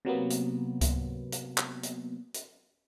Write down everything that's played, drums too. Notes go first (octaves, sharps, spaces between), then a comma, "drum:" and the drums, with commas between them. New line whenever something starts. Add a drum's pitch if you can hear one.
C3 F#3 A#3 B3
drum: hi-hat
drum: kick C#2, hi-hat
drum: hi-hat
drum: clap
drum: hi-hat
drum: hi-hat